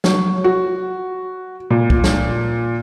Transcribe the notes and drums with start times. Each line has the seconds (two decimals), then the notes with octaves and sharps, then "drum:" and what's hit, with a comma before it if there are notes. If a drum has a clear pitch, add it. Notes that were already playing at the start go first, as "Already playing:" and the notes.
0.04 F#3, drum: snare
0.44 F#4
1.71 A#2
1.90 drum: kick
2.04 drum: snare